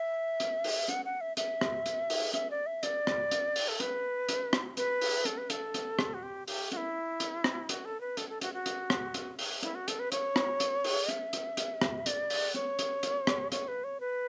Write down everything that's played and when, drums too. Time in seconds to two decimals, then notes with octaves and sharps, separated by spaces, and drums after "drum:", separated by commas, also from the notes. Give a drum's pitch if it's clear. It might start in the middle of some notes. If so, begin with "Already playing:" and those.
Already playing: E5
0.40 drum: hi-hat
0.64 drum: open hi-hat
0.88 F#5, drum: hi-hat
1.05 F#5
1.21 E5
1.37 E5, drum: hi-hat
1.61 drum: rim click
1.86 drum: hi-hat
2.10 drum: open hi-hat
2.34 E5, drum: hi-hat
2.51 D5
2.66 E5
2.83 D5, drum: hi-hat
3.07 drum: rim click
3.31 drum: hi-hat
3.56 drum: open hi-hat
3.68 A4
3.80 B4, drum: hi-hat
4.29 drum: hi-hat
4.53 drum: rim click
4.77 B4, drum: hi-hat
5.01 drum: open hi-hat
5.25 A4, drum: hi-hat
5.38 B4
5.50 A4, drum: hi-hat
5.74 drum: hi-hat
5.99 drum: rim click
6.14 F#4
6.23 G4
6.48 G4, drum: open hi-hat
6.72 F#4, drum: hi-hat
6.77 E4
7.20 drum: hi-hat
7.44 drum: rim click
7.69 F#4, drum: hi-hat
7.85 A4
8.01 B4
8.17 A4, drum: hi-hat
8.30 A4
8.41 F#4, drum: hi-hat
8.54 F#4
8.66 drum: hi-hat
8.90 drum: rim click
9.14 drum: hi-hat
9.39 drum: open hi-hat
9.63 E4, drum: hi-hat
9.75 F#4
9.88 A4, drum: hi-hat
9.99 B4
10.12 C#5, drum: hi-hat
10.36 drum: rim click
10.60 drum: hi-hat
10.84 drum: open hi-hat
11.09 E5, drum: hi-hat
11.33 drum: hi-hat
11.57 drum: hi-hat
11.82 drum: rim click
12.06 D5, drum: hi-hat
12.30 drum: open hi-hat
12.55 C#5, drum: hi-hat
12.79 drum: hi-hat
13.03 drum: hi-hat
13.27 drum: rim click
13.52 C#5, drum: hi-hat
13.68 B4
13.84 C#5
14.00 B4